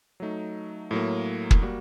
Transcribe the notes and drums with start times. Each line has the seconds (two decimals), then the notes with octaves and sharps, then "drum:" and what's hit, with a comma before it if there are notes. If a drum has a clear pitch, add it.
0.20 F#3 A3 D#4
0.91 A2 F#3 A#3
1.51 drum: kick
1.62 G3 A#3 F#4